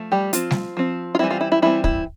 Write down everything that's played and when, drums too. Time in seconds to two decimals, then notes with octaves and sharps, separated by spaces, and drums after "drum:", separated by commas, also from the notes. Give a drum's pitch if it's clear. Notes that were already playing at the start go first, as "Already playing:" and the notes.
Already playing: F3 A3
0.12 G3 G4
0.33 F3 C4 F4, drum: hi-hat
0.51 drum: snare
0.77 F3 C4
1.15 F4
1.19 E3 G3 C4 E4
1.31 F4
1.41 E4
1.52 E4
1.62 E3 G3 C4 E4
1.84 E4, drum: kick